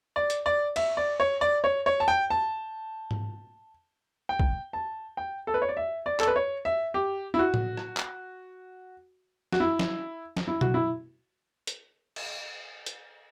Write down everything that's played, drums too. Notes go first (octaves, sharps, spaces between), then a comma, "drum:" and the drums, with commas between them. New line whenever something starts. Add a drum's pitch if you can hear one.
D5
drum: hi-hat
D5
E5, drum: cymbal
D5
C#5
D5
C#5
C#5
A5
G5
A5
drum: tom G#2
G5
drum: kick
A5
G5
A4
B4
C#5
D5
E5
D5
A4, drum: clap
B4
C#5
E5
G4
E4
F#4
drum: tom A2
drum: rim click
drum: clap
F#4, drum: snare
E4
drum: snare
drum: snare
E4
F#4, drum: tom B2
E4
drum: hi-hat
drum: cymbal
drum: hi-hat